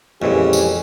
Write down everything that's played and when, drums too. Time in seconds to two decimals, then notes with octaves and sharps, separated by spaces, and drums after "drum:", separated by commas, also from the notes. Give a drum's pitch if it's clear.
0.22 F2 A#2 E3 G#3 C#4 G4
0.53 drum: tambourine